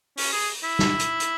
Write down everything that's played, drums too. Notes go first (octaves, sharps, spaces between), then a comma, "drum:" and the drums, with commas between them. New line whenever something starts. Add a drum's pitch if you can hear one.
C#4, drum: open hi-hat
G#4
E4
drum: snare
drum: hi-hat
drum: hi-hat